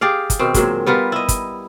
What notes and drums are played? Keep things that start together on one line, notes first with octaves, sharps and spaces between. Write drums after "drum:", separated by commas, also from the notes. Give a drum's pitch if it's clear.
G4 G#4 D5 F5
drum: kick, hi-hat
B2 D#3 C4
A#2 F#3 G#3, drum: kick, hi-hat
G3 B3 F4 A#4
E4 D#5
drum: kick, hi-hat